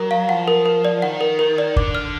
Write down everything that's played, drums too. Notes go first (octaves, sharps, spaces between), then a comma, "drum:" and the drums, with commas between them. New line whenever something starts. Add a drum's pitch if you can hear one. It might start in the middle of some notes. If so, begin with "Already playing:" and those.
Already playing: F#3 A#4
F5
F3 F#5
A#4
A#4
D5
D#3 F#5
A#4
A#4
D5
D3 D6, drum: kick
F6